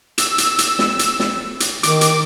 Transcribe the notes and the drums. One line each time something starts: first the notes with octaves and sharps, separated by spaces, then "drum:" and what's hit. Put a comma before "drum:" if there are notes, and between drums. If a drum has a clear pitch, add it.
E6, drum: hi-hat
drum: hi-hat
drum: hi-hat
drum: snare
drum: hi-hat
drum: snare
drum: hi-hat
D#3 D6, drum: hi-hat
drum: hi-hat